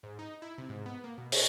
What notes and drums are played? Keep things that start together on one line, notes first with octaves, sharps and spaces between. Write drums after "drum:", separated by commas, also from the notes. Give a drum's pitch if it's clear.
G#2
D#4
E4
C3
G#2
B3
A#3
B2
C#5, drum: open hi-hat